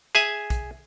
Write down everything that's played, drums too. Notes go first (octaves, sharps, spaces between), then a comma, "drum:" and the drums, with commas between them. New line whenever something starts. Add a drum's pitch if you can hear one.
G#4 E5 G#5, drum: hi-hat
drum: kick A#1, hi-hat